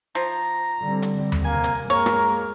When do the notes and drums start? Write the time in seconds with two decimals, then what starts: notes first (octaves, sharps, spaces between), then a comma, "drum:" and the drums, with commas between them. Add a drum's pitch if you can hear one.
0.15 F3 A#5
0.83 D3 G3 C4
1.02 drum: hi-hat
1.32 drum: tom D#2
1.45 G2 C3 A#3 G#5
1.63 drum: hi-hat
1.90 G#3 A#3 A#4 C#5
2.06 drum: rim click